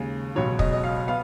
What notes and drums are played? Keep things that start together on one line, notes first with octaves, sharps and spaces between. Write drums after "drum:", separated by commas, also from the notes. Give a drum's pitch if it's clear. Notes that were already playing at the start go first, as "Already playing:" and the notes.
Already playing: D#2 C#3 G#3
C#2 B2 F#3 C#5
D#5, drum: kick
D#5
F5
B3 F5